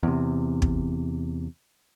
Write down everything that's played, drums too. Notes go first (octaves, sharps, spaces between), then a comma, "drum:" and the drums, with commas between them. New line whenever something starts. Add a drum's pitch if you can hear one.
E2 C3
drum: kick